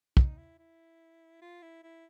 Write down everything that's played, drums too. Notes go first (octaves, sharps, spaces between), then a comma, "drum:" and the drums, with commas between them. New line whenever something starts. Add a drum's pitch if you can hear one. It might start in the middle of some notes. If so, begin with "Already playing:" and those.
D#4, drum: kick
E4
E4
F4
E4
E4